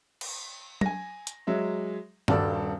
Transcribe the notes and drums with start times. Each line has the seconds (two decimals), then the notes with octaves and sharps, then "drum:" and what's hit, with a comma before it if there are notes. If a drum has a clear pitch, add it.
0.21 drum: cymbal
0.81 G#5 A#6, drum: tom
1.27 drum: hi-hat
1.47 F#3 G#3 E5
2.28 D#1 G2 F#4 A4 D5 E6, drum: tom G2